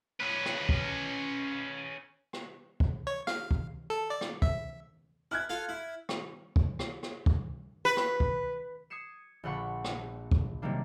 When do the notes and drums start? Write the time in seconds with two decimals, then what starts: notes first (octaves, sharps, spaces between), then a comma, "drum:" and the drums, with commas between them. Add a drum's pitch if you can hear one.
0.20 C#4 B4
0.45 drum: rim click
0.69 drum: kick
2.33 drum: rim click
2.80 drum: kick
3.07 C#5
3.27 F5, drum: rim click
3.51 drum: kick
3.90 A4
4.10 D5
4.21 drum: rim click
4.42 E5, drum: kick
5.31 E4 F6 F#6 G#6
5.49 F4 A4 F5
5.69 E4
6.09 drum: rim click
6.56 drum: kick
6.79 drum: rim click
7.03 drum: rim click
7.26 drum: kick
7.85 B4
7.97 drum: rim click
8.20 drum: kick
8.90 D#6 G#6 C7 C#7 E7
9.43 A#1 D3 F4 F#5 B5 C#6
9.85 drum: rim click
10.31 drum: kick
10.62 C3 D#3 F#3 G3 A#3 D4